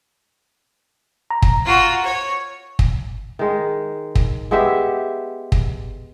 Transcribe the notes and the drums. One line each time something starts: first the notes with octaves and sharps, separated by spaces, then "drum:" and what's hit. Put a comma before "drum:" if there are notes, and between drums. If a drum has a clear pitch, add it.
A#5
drum: kick
F4 F#4
C#5
drum: kick
D#3 G#3
drum: kick
G#3 B3 G4 E5
drum: kick